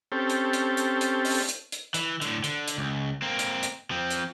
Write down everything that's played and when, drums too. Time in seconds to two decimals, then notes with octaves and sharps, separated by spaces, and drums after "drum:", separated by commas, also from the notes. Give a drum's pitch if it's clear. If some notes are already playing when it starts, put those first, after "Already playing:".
0.12 C4 C#4 G4 A4
0.30 drum: hi-hat
0.53 drum: hi-hat
0.77 drum: hi-hat
1.01 drum: hi-hat
1.25 drum: open hi-hat
1.49 drum: hi-hat
1.72 drum: hi-hat
1.94 E3, drum: hi-hat
2.22 A2 D3, drum: hi-hat
2.44 D3, drum: hi-hat
2.68 drum: hi-hat
2.78 C#2
3.22 A#3 C4
3.39 drum: hi-hat
3.63 drum: hi-hat
3.91 F3 C4
4.10 drum: hi-hat